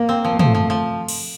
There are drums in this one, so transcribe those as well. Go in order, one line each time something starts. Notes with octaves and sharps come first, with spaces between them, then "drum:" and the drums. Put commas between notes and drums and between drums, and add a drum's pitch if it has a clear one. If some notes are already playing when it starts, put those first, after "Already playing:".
Already playing: A#3
C4
F3
F3 A3, drum: tom
F3
F3
drum: cymbal